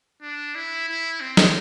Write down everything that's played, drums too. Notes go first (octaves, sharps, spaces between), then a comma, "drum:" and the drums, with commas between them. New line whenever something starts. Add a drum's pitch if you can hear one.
D4
E4
E4
C4
drum: snare